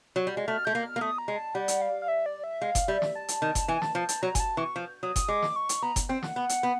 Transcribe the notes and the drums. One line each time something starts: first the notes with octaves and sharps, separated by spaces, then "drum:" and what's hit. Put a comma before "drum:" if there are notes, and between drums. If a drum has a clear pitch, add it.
F#3
G3
G#3
A3 F6
A3 G6
A#3
F6
A#3
A3 D#6
A#5
G#3
A5
G3 F#5
drum: hi-hat
F5
F5
E5
D5
E5
G#3 F5
drum: kick F#1, hi-hat
G3 E5
drum: snare
A5
drum: hi-hat
D#3
drum: kick F#1, hi-hat
E3 G#5
A5, drum: snare
F3 A5
A5, drum: hi-hat
F#3 A#5
G#5, drum: kick F#1, hi-hat
A5
E3 C#6
F3
F#3 D#6
D#6, drum: kick F#1, hi-hat
G#3 D6
drum: snare
C#6
drum: hi-hat
B3 A#5
drum: kick F#1, hi-hat
C4 G5
F#5, drum: snare
B3 F#5
drum: hi-hat
B3